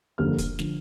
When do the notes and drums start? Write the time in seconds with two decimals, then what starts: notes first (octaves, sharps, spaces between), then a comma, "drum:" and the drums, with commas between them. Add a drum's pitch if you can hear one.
0.18 G1 F2 D3 G3 A#3 F6
0.39 drum: kick, hi-hat
0.59 D3 F3, drum: snare